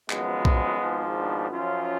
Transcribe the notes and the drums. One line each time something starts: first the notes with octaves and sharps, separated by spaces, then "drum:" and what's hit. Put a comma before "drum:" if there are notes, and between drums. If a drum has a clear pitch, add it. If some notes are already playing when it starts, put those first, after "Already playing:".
G#1 F#2 F3 G#3 B3, drum: clap
drum: kick B1
G#1 G#2 F3
B3 D4
F#2 F3 C#4 F4